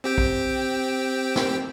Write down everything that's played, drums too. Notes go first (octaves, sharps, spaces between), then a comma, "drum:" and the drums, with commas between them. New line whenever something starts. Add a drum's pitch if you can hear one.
C4 G4 G5
drum: kick
drum: snare